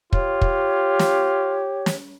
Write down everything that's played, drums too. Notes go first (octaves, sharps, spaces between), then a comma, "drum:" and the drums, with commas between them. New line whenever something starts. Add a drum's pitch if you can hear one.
F4 G4 C#5, drum: kick
drum: kick
drum: snare
drum: snare